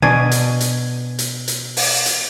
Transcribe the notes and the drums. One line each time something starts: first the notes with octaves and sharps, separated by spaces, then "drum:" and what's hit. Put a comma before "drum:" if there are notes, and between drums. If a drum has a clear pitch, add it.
B2 D4 G#5
drum: hi-hat
drum: hi-hat
drum: hi-hat
drum: hi-hat
drum: open hi-hat
drum: hi-hat